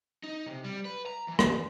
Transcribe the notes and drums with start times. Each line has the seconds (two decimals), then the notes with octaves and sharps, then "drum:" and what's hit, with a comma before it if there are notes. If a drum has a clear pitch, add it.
0.23 D#4
0.46 C3
0.64 G3
0.85 B4
1.06 A#5
1.28 E3
1.39 drum: rim click